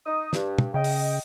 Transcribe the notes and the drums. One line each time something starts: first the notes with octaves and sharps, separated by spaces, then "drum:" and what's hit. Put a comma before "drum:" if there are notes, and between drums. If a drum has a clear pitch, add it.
D#4 D#6
G2, drum: snare
drum: tom
C#3 D#5 G5
drum: open hi-hat